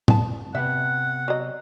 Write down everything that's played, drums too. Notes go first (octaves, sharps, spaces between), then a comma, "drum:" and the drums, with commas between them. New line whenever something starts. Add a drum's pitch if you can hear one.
B3 A5, drum: tom
C3 B3 E5 F#5
F#3 D#5